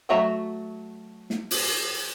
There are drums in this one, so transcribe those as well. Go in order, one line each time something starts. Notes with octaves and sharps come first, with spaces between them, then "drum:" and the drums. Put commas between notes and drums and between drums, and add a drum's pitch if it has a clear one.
F#3 A3 F#4 E5 A#5
drum: snare
drum: open hi-hat